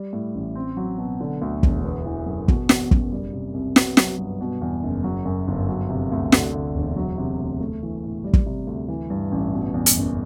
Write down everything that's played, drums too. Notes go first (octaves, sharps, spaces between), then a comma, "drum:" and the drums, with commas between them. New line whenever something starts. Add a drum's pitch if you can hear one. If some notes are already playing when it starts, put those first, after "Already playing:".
Already playing: G3
A2
A1
C4
F#3
B2
D3
D2
E1, drum: kick
B3
E3
F#2
B2, drum: kick
E2, drum: snare
F#1, drum: kick
G3
C3
C2
B3, drum: snare
F#3, drum: snare
G2
B2
E2
F#1
F#3
F#2
G1
F#3
C3
D2
D3, drum: snare
D2
E1
F#3
C3
D2
A3
E3
A2
G3
drum: kick
C3
D2
E3
G2
A1
B2
E2
drum: hi-hat
F#1